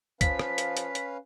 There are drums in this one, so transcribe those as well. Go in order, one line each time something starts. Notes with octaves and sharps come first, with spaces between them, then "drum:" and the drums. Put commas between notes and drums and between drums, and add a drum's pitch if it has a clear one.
F3 C#4 B4 F5 B6, drum: kick, hi-hat
drum: rim click
drum: hi-hat
drum: hi-hat
drum: hi-hat